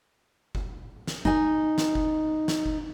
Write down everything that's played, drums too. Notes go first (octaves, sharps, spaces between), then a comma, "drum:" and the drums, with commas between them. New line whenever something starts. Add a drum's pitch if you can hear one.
drum: kick F#1
drum: snare
D#4 G#5, drum: kick F#1
drum: snare
drum: kick F#1
drum: snare
drum: kick F#1